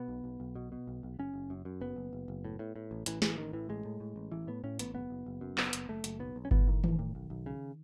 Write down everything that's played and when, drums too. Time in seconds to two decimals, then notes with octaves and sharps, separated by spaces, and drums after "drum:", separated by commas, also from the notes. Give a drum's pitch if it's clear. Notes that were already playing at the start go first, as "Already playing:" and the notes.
Already playing: B2 B3
0.08 B1
0.24 B1
0.40 B1
0.55 B2
0.72 B2
0.87 B1
1.03 B1
1.19 F#1 C#4
1.34 F#1
1.50 F#2
1.65 F#2
1.81 F#1 B3
1.96 F#1
2.13 F#1
2.28 F#1
2.45 A2
2.59 A2
2.76 A2
2.91 A1
3.06 A1 E3, drum: hi-hat
3.22 A1 E3, drum: snare
3.38 A1 D#3
3.53 A2 E3
3.69 A1 G#3
3.85 A2
4.00 A2
4.16 A1
4.32 A1 E3
4.47 A2 B3
4.64 A2 C#4
4.79 A1 B3, drum: hi-hat
4.94 F#1 B3
5.10 F#1
5.26 F#1
5.41 F#2
5.58 F#1 B3, drum: clap
5.73 F#1, drum: hi-hat
5.89 F#1 A3
6.04 F#1, drum: hi-hat
6.19 B1 B3
6.36 B1
6.45 C#4
6.51 A2 B3, drum: kick G1
6.67 A2 D#3
6.84 A2, drum: tom D#3
6.99 A2
7.15 B1
7.30 B1
7.46 C#3